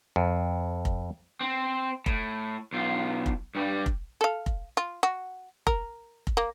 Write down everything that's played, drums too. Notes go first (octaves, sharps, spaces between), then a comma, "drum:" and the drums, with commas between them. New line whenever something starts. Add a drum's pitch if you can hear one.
F2
drum: kick F1
C4
A2, drum: kick F1
B1 F4
drum: kick F1
G2 G3
drum: kick F1
A4 F5
drum: kick F1
F4
F#4
A#4, drum: kick F1
drum: kick F1
A#3